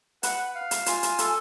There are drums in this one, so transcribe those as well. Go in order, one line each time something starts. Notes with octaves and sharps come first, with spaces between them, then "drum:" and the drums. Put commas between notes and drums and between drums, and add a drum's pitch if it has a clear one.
B4 F#5, drum: hi-hat
F5
drum: hi-hat
F4 G#5, drum: hi-hat
drum: hi-hat
A4, drum: hi-hat